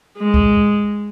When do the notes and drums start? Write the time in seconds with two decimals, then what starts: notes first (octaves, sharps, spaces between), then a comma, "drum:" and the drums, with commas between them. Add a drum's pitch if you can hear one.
0.17 G#3
0.34 drum: kick